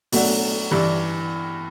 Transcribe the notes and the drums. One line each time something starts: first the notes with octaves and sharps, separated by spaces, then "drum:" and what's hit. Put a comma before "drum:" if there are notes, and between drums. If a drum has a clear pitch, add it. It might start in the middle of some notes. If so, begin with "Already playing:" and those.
B2 F#3 A3 D4 F#4, drum: open hi-hat
G2 E3 G3